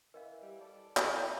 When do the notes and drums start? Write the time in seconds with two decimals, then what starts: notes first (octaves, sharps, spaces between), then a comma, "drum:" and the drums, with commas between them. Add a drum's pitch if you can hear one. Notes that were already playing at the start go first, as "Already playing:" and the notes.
0.14 E3 A#4 D#5 F5
0.42 G3
0.61 A4 D5
0.97 D#4 E4 A4 D5, drum: clap
1.19 E5 A#5